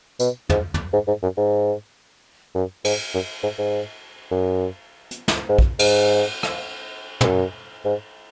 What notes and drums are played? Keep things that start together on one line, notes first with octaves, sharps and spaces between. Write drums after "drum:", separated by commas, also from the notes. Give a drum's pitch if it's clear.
B2, drum: tambourine
G#2, drum: tom
drum: tom
G#2
G#2
F#2
G#2
F#2
G#2, drum: cymbal
F#2
G#2
G#2
F#2
drum: hi-hat
drum: snare
G#2
drum: kick
G#2, drum: cymbal
drum: rim click
G#2, drum: tom
F#2
G#2